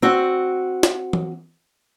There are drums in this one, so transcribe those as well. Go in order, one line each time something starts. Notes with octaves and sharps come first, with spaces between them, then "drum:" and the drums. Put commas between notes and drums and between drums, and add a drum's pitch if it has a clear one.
C4 F#4
drum: snare
drum: tom E3